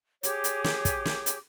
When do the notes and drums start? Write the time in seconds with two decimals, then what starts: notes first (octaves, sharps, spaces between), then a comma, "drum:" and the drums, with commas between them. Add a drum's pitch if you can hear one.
0.23 G4 G#4 C#5 D6, drum: hi-hat
0.44 drum: hi-hat
0.64 drum: snare
0.85 drum: kick, hi-hat
1.05 drum: snare
1.26 drum: hi-hat